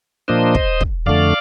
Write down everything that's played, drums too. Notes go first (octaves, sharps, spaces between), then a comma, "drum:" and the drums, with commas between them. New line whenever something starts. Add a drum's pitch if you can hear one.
A#2 F3 A#3 D4 C5 D#5
drum: kick
drum: kick
F2 D3 A3 D5 F5